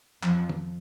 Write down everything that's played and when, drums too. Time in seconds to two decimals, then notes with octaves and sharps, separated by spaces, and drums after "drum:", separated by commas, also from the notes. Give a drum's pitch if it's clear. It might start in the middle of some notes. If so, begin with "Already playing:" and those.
0.23 F2 F3, drum: clap
0.49 drum: tom